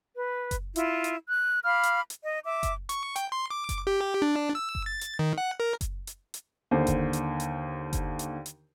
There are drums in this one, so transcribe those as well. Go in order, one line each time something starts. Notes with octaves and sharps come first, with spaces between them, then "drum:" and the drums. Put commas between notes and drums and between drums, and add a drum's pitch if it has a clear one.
B4
drum: kick F#1, hi-hat
E4 F4, drum: hi-hat
drum: hi-hat
F#6
F5 B5 D6 F6
drum: hi-hat
drum: hi-hat
D#5
E5 D6
drum: kick F#1, hi-hat
C#6, drum: hi-hat
G5, drum: hi-hat
C6
D6
drum: kick F#1, hi-hat
G4
D4
E6
drum: kick F#1
A6
drum: hi-hat
D#3
F#5
A#4
drum: kick F#1, hi-hat
drum: hi-hat
drum: hi-hat
D#2 D3 C5
drum: kick F#1, hi-hat
drum: hi-hat
drum: hi-hat
drum: kick F#1, hi-hat
drum: hi-hat
drum: hi-hat